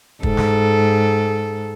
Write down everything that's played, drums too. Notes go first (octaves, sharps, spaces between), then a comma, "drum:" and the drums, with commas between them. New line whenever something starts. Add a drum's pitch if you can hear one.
G#2 A4, drum: kick
drum: snare